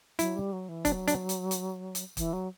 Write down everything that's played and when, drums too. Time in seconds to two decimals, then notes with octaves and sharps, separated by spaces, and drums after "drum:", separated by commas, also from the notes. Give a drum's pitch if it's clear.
0.19 F#3 E4, drum: hi-hat
0.36 G3
0.53 F#3
0.69 E3
0.85 F#3 D4, drum: kick, hi-hat
1.08 D4, drum: hi-hat
1.29 drum: hi-hat
1.51 drum: hi-hat
1.95 drum: hi-hat
2.17 E3, drum: kick, hi-hat
2.33 F#3